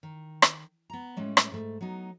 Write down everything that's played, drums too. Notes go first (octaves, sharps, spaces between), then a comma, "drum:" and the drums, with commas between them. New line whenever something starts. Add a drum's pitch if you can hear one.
D#3
drum: rim click
B3 A#5
A2 G3 G#3 C#4
drum: rim click
G#2 A3
F#3 B3 D#4